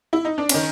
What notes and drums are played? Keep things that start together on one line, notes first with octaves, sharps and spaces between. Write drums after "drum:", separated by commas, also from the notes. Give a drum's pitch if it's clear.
E4
D#4
D4
D#3 C#4, drum: cymbal